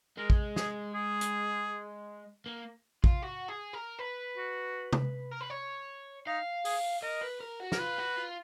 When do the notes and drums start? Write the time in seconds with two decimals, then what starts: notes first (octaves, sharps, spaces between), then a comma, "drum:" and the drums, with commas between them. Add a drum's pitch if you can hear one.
0.17 G#3 A#4
0.30 drum: kick
0.56 G#4, drum: snare
0.94 G#4
1.21 drum: hi-hat
2.46 A#3
3.04 F4, drum: kick
3.22 F#4
3.48 G#4
3.73 A#4
3.99 B4
4.37 F#4
4.93 drum: tom C3
5.31 A#4
5.41 B4
5.50 C#5
6.27 D#4 F5
6.65 G#4, drum: open hi-hat
7.03 A#4 D#5
7.21 B4
7.40 A#4
7.60 F#4
7.72 A#4, drum: snare
7.79 F4 B4
7.98 F#4
8.16 F4